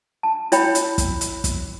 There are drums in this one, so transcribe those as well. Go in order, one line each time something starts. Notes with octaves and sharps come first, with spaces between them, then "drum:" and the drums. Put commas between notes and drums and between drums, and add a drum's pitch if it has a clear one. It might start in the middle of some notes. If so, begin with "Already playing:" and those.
A5
E4 C#5 G5 B5, drum: hi-hat
drum: hi-hat
drum: kick, hi-hat
drum: hi-hat
drum: kick, hi-hat